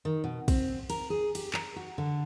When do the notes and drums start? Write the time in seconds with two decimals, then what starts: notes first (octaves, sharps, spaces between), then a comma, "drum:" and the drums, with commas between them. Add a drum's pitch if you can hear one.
0.05 D#3
0.24 B2
0.48 C4, drum: kick, cymbal
0.90 A#4, drum: cymbal
1.10 G#4
1.35 G4, drum: cymbal
1.54 A#4, drum: clap
1.76 F#4
1.98 D3